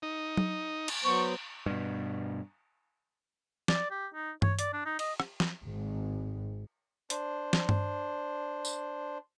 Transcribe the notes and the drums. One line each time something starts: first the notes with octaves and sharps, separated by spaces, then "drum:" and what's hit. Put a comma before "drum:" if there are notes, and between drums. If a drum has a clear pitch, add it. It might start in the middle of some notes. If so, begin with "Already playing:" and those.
D#4
drum: tom F#3
drum: cymbal
F#3 B3 C5 C#6
G2 B2
D5, drum: snare
G4
D#4
C#5, drum: tom G2
D5, drum: hi-hat
D4
D#4
D#5, drum: cymbal
drum: rim click
drum: snare
G#1
D4 C5, drum: hi-hat
drum: snare
drum: tom G2
drum: tambourine